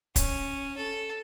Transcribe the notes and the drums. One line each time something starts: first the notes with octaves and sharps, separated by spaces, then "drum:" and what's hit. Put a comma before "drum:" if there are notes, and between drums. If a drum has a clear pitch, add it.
C#4, drum: kick, hi-hat
A4